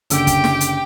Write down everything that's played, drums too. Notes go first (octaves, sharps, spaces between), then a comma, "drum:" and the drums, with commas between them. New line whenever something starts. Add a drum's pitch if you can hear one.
F#1 D3 G4 G5 E6, drum: hi-hat
drum: kick, hi-hat
drum: snare
drum: hi-hat